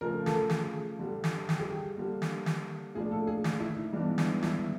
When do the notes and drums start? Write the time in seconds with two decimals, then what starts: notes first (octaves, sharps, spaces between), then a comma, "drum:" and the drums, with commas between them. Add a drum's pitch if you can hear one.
0.01 C#3 F3 A3 A#4
0.26 A4, drum: snare
0.49 G#4, drum: snare
0.99 G2 D3 G3
1.24 drum: snare
1.49 G4, drum: snare
1.60 G#4
1.69 G4
1.97 D3 G3 A#3
2.22 drum: snare
2.46 drum: snare
2.95 A2 F3 A#3 D4 G#4
3.12 A4
3.27 G#4
3.44 drum: snare
3.60 E4
3.77 D#4
3.93 G2 E3 G#3 B3 D4
4.18 drum: snare
4.43 E4, drum: snare